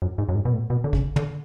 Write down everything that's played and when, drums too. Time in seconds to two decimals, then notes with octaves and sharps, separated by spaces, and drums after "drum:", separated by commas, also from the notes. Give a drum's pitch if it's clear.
0.02 F#2
0.18 G#2
0.29 F#2
0.35 G#2
0.45 B2
0.53 A2
0.70 B2
0.84 D3
0.93 C#3, drum: kick
1.16 D3, drum: tom